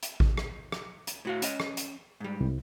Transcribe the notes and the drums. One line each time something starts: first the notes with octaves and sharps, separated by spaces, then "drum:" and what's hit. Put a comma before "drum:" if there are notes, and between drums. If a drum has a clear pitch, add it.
drum: hi-hat
drum: kick A1
drum: rim click
drum: rim click
drum: hi-hat
A2 F#4 F5
C#4 C#5 D#5, drum: hi-hat
drum: rim click
drum: hi-hat
G#2 G3
C2